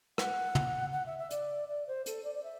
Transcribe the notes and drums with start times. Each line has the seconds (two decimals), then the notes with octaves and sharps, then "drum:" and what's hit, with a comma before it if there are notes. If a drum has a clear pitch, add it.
0.18 F#5, drum: rim click
0.55 drum: tom
0.92 F#5
1.06 E5
1.18 E5
1.31 D5, drum: hi-hat
1.68 D5
1.87 C5
2.06 A4, drum: hi-hat
2.24 D5
2.34 D5
2.43 E5